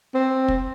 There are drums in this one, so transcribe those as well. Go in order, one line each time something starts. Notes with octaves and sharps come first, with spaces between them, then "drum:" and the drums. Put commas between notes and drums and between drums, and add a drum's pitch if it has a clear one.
C4
drum: kick